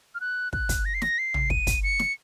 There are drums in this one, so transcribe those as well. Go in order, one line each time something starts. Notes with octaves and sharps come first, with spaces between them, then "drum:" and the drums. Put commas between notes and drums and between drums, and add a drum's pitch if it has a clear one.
F6
F#6
F#6, drum: kick
drum: kick, hi-hat
A#6
C7
A#6, drum: snare
C7
drum: tom
D#7, drum: kick
drum: kick, hi-hat
C#7
drum: snare